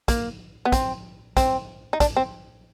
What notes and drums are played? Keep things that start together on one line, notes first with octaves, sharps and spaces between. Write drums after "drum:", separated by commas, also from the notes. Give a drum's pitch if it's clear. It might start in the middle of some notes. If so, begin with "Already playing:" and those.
A#3, drum: kick, hi-hat
B3
C4, drum: kick, hi-hat
C4, drum: kick, hi-hat
D#4
D4, drum: kick, hi-hat
C4